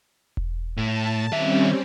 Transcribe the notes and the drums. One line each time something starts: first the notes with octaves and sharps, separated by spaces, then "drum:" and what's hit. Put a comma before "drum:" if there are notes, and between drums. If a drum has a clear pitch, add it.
drum: kick E1
A2 A5
D#3 G3 C4 C#4 E5